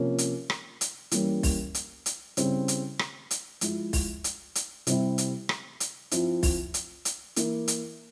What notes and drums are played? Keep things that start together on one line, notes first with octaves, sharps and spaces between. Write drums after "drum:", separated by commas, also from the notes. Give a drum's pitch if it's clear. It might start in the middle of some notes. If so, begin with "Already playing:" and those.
Already playing: C3 F3 A#3 C#4
drum: hi-hat
drum: rim click
drum: hi-hat
E3 G3 A#3 C#4, drum: hi-hat
drum: kick B1, open hi-hat
drum: hi-hat
drum: hi-hat
C#3 G3 C4 E4, drum: hi-hat
drum: hi-hat
drum: rim click
drum: hi-hat
F3 G#3 E4, drum: hi-hat
drum: kick B1, open hi-hat
drum: hi-hat
drum: hi-hat
C3 G3 C4 E4, drum: hi-hat
drum: hi-hat
drum: rim click
drum: hi-hat
F3 C4 E4, drum: hi-hat
drum: kick B1, open hi-hat
drum: hi-hat
drum: hi-hat
E3 A#3 E4, drum: hi-hat
drum: hi-hat